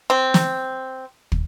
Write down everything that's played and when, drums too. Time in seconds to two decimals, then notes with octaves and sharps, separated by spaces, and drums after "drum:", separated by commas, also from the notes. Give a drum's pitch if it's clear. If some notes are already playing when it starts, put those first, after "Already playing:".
0.10 C4
0.34 drum: snare
1.32 drum: kick